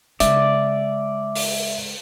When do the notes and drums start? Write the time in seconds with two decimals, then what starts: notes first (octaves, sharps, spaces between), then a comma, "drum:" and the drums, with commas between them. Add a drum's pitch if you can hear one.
0.20 C#3 G#3 D5 E5, drum: hi-hat
1.36 drum: open hi-hat